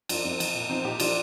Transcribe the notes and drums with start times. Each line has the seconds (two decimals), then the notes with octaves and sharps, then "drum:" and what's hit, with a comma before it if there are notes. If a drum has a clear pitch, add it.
0.09 F2 D4 F4, drum: cymbal
0.24 F2 C4 D#4
0.40 F3, drum: cymbal
0.54 A#2
0.69 F3 C4 D#4
0.84 A#2 D#4 G4
1.00 F3 D4 F4, drum: cymbal